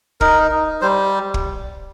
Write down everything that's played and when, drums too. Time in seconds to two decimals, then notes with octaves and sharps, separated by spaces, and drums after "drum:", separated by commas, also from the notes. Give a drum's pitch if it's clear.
0.21 D#4 A#4, drum: kick
0.51 D#4
0.81 G3 C5
1.34 drum: kick